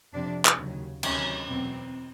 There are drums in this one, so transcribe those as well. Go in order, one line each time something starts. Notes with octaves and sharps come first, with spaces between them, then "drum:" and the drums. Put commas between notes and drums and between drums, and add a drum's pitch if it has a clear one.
F2 C3 F3 D4
drum: clap
D#2 C#3 F#3
D2 C3 D#3 F#3 C#4, drum: cymbal
E2 B2 F#3 C4